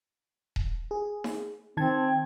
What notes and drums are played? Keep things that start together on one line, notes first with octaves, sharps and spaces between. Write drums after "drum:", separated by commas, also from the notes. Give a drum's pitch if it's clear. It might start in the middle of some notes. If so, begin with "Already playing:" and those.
drum: kick D#1
G#4
drum: snare D#4
D#3 C4 A5 G#6